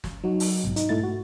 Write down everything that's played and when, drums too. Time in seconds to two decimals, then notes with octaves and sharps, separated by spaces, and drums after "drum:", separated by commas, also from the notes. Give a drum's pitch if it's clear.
0.04 drum: snare
0.24 F#3 D#4 F#4
0.40 drum: open hi-hat
0.64 B1 G#2 B2
0.76 D#4, drum: hi-hat
0.89 G#2 A3 E4 A6
1.03 F#4